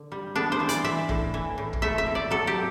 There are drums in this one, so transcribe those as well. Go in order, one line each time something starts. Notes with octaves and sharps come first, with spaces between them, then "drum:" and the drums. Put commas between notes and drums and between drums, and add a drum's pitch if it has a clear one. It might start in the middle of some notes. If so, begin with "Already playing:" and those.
Already playing: D3
G3
B3 D4
C5
E3
D5, drum: hi-hat
E3 E5
A2, drum: kick
E3
A2
drum: kick
A3 E5
E5
C4
D5
F#3 A4
G4